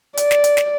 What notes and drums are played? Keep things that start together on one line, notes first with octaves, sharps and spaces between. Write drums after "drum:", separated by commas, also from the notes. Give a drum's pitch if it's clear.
D5, drum: hi-hat
drum: snare
drum: hi-hat
drum: snare